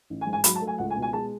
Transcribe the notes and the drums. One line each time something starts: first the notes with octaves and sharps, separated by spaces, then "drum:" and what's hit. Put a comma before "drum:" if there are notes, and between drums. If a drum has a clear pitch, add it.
A1
G#5
G#2
G#5
F#3 B5, drum: hi-hat
A5
A3
G#5
C#2 F#5
G#5
B2
G#5
G#3 A5